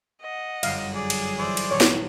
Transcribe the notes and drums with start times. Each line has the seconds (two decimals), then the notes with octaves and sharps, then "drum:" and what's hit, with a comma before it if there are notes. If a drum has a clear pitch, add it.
0.21 D#5 F#5
0.63 G1 F#2 F5, drum: cymbal
0.95 G#4 D5
1.10 drum: cymbal
1.39 E3 C5 D5 E5
1.57 drum: cymbal
1.71 D#1 C#5
1.81 drum: snare